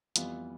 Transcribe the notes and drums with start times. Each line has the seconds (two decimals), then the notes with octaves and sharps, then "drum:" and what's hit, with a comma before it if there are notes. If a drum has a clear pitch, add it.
0.16 F2 E3 G3 B3 F4, drum: hi-hat